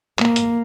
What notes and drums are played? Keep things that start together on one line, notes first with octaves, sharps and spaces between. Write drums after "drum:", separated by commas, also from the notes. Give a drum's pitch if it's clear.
A#3, drum: clap
drum: hi-hat